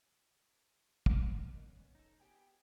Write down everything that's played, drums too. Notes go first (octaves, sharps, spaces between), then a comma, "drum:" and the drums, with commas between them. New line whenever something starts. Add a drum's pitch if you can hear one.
drum: kick
G3 B3
A#3 D#4
C#4
D#4 A4
B3 G4 G#4 G5 G#5